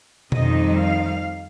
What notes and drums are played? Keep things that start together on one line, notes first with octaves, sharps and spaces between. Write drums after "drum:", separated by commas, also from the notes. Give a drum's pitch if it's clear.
F2 D#3 G3 C4 D#4 D#5, drum: tom B2
F5